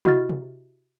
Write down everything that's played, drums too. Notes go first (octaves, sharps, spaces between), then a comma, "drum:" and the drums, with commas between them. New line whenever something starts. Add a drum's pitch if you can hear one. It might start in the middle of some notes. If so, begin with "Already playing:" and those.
E4 F#4 D#5 F6 A6, drum: tom C3
drum: tom C3